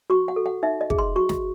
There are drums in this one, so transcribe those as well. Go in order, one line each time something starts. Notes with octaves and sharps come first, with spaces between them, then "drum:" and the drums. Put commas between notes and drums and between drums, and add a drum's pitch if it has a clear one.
F#4 C#6
F#5
A4
F#5
D#4 E5
D#5
G#4, drum: kick
C6
F#4 C#6
drum: snare